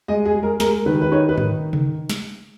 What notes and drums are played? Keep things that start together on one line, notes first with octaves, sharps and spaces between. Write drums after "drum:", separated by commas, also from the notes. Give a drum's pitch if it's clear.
G#3 D#5
G#4
G#3
A#4
G#3 A#4, drum: snare
D#3 B4
B4
D#4 C#5
B4
D#3, drum: tom G#2
drum: tom C3
drum: snare